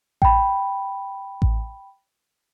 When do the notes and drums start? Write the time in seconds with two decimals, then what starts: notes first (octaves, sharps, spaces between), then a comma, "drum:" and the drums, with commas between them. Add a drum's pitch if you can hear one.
0.22 G5 B5, drum: kick A1
1.42 drum: kick A1